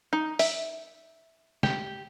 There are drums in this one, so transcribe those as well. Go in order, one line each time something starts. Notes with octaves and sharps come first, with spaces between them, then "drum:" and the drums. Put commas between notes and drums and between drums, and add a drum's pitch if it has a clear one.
D#4
E5, drum: open hi-hat
G4, drum: snare